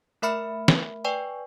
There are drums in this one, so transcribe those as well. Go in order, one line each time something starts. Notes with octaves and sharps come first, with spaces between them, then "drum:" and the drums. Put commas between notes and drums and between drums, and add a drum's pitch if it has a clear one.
A3 A#4 E5 B5 F6 C#7
drum: snare
B4 D5 G5 G#5 C#6